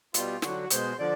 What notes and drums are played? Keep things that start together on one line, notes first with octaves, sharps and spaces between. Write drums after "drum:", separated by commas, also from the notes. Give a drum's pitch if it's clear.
B2 G3 F4, drum: hi-hat
D3 F#3 F#4, drum: snare
B2 G#3 C5, drum: hi-hat
D3 F3 D5